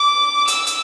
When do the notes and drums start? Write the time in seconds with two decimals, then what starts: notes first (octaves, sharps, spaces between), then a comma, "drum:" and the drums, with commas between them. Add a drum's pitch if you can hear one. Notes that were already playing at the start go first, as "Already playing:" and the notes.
Already playing: D6
0.48 E6, drum: hi-hat
0.67 drum: hi-hat